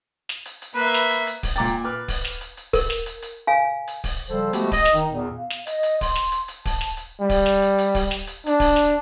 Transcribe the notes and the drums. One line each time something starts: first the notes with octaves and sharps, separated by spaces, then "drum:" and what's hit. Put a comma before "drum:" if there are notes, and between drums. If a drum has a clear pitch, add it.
drum: snare
drum: hi-hat
drum: hi-hat
A#3 B4 E5
drum: snare
drum: hi-hat
drum: hi-hat
drum: kick D1, open hi-hat
A#2 G5 A#5 D6 A6
B4 D6 F6
drum: kick D1, open hi-hat
drum: snare
drum: hi-hat
drum: hi-hat
A#4, drum: kick D1, open hi-hat
drum: snare
drum: hi-hat
drum: hi-hat
F5 G#5
drum: hi-hat
drum: kick D1, open hi-hat
C#3 F3 G3 A4 C5
F3 G#3 A3 B3 F#4 G4, drum: hi-hat
D#5, drum: kick D1, open hi-hat
drum: snare
D#3 D#4
E2 A#2
F5
drum: snare
D#5, drum: hi-hat
drum: hi-hat
C6, drum: kick D1, open hi-hat
drum: snare
drum: hi-hat
drum: hi-hat
A5, drum: kick D1, open hi-hat
drum: snare
drum: hi-hat
G3
drum: kick D1, open hi-hat
drum: snare
drum: hi-hat
drum: hi-hat
drum: kick D1, open hi-hat
drum: snare
drum: hi-hat
D4, drum: hi-hat
drum: kick D1, open hi-hat
drum: snare